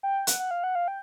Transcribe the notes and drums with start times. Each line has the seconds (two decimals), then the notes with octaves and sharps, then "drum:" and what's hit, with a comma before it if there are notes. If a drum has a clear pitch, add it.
0.03 G5
0.27 F#5, drum: hi-hat
0.39 F#5
0.51 F5
0.64 F#5
0.75 F5
0.88 G5